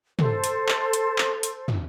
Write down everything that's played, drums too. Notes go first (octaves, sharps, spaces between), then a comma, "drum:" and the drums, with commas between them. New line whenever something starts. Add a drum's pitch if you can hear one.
A4 C5, drum: tom
drum: hi-hat
drum: clap
drum: hi-hat
drum: clap
drum: hi-hat
drum: tom